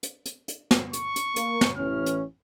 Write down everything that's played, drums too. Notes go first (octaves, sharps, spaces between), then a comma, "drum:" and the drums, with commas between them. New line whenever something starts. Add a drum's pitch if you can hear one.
drum: hi-hat
drum: hi-hat
drum: hi-hat
drum: snare
C#6, drum: hi-hat
drum: hi-hat
A#3, drum: hi-hat
drum: snare
A1 E3 C#4 F6
drum: hi-hat